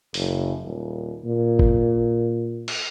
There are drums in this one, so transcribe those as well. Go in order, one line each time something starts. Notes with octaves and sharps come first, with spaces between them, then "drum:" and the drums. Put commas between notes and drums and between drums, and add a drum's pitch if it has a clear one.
F#1, drum: open hi-hat
D#1
A#2
drum: kick G1
drum: cymbal